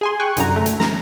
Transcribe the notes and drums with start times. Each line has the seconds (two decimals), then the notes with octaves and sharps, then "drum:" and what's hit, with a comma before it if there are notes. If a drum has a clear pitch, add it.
0.01 G#4 G#5 C6
0.20 G5 G#5 C#6 F#6
0.37 C2 F#2 D3 A#5, drum: hi-hat
0.56 A3
0.66 drum: hi-hat
0.80 A#5, drum: snare